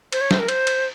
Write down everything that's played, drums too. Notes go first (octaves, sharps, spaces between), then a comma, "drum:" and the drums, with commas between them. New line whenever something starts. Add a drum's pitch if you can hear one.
C5, drum: cymbal
C#5
C5, drum: snare
A#4
C5, drum: cymbal
drum: cymbal